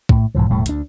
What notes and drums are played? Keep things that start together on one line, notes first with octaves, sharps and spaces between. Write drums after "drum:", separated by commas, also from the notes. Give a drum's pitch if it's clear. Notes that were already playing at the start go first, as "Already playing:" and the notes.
A2, drum: kick
B1 G#2 E3 F3
E1 A2 G3 A3
D2 D4, drum: hi-hat